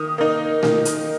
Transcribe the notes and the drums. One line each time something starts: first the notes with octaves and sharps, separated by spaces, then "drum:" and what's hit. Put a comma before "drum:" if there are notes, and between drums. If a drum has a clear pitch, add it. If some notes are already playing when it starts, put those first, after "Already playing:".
Already playing: D#3 D#6
A#3 D#4
D#3, drum: snare A3
drum: hi-hat